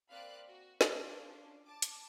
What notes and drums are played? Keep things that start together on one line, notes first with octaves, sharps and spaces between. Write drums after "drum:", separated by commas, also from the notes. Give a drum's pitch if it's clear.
A#3 C4 D5 F5 B5 F#6
F#4
C#4 D4 F4, drum: snare
A5 D6
drum: hi-hat